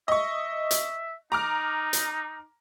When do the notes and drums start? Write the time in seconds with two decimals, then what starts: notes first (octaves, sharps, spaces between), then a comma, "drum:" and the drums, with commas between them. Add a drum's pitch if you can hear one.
0.08 D#5 E5 C#6
0.71 drum: hi-hat
1.32 D#4 A#5 D6 F6
1.93 drum: hi-hat